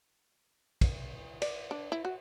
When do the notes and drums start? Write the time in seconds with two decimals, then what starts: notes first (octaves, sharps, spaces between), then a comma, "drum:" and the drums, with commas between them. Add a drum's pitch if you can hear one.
0.81 drum: kick, cymbal
1.42 D5, drum: cymbal
1.71 D4
1.92 E4
2.05 F#4